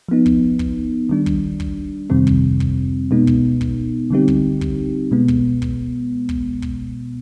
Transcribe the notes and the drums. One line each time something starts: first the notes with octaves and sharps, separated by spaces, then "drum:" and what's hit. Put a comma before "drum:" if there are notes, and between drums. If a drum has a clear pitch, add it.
F3 B3 D#4
drum: kick
drum: kick
D#3 G3 D4
drum: kick
drum: kick
F2 C3 D#3 G3 C4
drum: kick
drum: kick
B2 G#3 B3 D#4
drum: kick
drum: kick
D3 G3 C4 D#4 G4
drum: kick
drum: kick
B2 G#3 B3
drum: kick
drum: kick
drum: kick
drum: kick